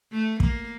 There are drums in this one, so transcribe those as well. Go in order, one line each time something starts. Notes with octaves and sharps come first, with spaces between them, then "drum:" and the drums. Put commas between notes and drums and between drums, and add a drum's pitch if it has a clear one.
A3
A#3, drum: kick